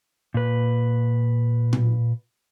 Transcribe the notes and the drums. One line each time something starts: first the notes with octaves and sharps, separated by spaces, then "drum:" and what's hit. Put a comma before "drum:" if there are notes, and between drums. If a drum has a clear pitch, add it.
A#2 B4
drum: tom A#2